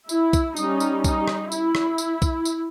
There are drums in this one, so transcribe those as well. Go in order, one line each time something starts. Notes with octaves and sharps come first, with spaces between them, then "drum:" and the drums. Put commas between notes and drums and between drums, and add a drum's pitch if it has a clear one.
E4, drum: tambourine
drum: kick, tambourine
G3 C#4 D#4, drum: tambourine
drum: tambourine
D#4, drum: kick, tambourine
drum: rim click
E4, drum: tambourine
drum: rim click
drum: tambourine
drum: kick, tambourine
drum: tambourine